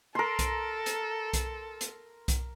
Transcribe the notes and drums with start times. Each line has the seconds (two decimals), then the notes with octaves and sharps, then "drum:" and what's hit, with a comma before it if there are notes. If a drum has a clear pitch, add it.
0.15 A4 A#4 C6
0.39 drum: kick B1, hi-hat
0.86 drum: hi-hat
1.33 drum: kick B1, hi-hat
1.81 drum: hi-hat
2.28 drum: kick B1, hi-hat